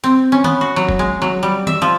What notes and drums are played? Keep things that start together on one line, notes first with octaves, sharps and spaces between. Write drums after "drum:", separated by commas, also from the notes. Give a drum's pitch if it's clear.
C4
C#4
B3, drum: tom D#3
F#4
F#3
drum: kick
G#3
F#3
G3
E5, drum: tom D#3
F3